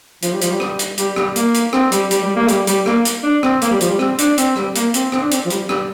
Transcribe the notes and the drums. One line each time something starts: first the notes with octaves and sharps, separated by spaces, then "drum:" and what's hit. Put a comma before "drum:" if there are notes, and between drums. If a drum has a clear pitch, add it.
F3, drum: hi-hat
G3
F3, drum: hi-hat
G3
drum: rim click
drum: hi-hat
G3, drum: hi-hat
G3, drum: rim click
A#3, drum: hi-hat
drum: hi-hat
C4, drum: rim click
G3, drum: hi-hat
G3, drum: hi-hat
G3
A#3
G3, drum: hi-hat
G3, drum: hi-hat
A#3, drum: rim click
drum: hi-hat
D4
C4, drum: rim click
A#3, drum: hi-hat
G3
F3, drum: hi-hat
G3
C4, drum: rim click
D4, drum: hi-hat
C4, drum: hi-hat
G3, drum: rim click
A#3, drum: hi-hat
C4, drum: hi-hat
C4, drum: rim click
D4
C4, drum: hi-hat
F3
G3, drum: hi-hat
G3, drum: rim click